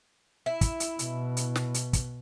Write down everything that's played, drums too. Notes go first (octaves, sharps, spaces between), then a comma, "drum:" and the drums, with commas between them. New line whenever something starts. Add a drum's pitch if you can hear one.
E4
drum: kick, hi-hat
drum: hi-hat
B2, drum: hi-hat
drum: hi-hat
drum: snare
drum: hi-hat
drum: kick, hi-hat